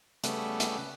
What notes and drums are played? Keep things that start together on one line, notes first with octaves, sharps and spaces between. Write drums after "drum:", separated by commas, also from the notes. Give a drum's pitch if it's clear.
C#3 G3 A3 B3, drum: hi-hat
drum: hi-hat